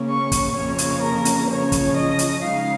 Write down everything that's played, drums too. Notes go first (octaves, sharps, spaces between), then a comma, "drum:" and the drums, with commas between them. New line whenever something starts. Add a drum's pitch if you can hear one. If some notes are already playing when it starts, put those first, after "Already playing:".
Already playing: C#3 A#3 C#4
C#6
drum: kick, hi-hat
F2 C#3 F3 A#3 C#4 C#5
drum: hi-hat
A#4
drum: hi-hat
C#3 F3 C#4 C#5
drum: kick, hi-hat
D#5
drum: hi-hat
C#3 G#3 D#4 F5